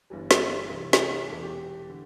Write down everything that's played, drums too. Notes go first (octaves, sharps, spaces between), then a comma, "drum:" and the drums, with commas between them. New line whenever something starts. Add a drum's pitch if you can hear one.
G1 G2 E3 G3
drum: snare
C2 C3 E3
drum: snare
E1 E2 E3 G3 A4
G4
D3